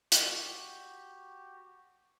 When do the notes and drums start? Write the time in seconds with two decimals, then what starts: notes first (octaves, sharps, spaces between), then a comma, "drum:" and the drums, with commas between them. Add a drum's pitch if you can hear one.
0.12 F#4 G4, drum: hi-hat